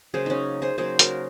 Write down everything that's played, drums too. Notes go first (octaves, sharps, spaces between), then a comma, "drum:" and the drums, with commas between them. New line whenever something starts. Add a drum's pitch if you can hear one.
C#3 F#3 A#3 G#4 C5
C#4 D#4
G#4 C5
C#3 F#3 A#3 G#4 C5
F#4 A#4, drum: hi-hat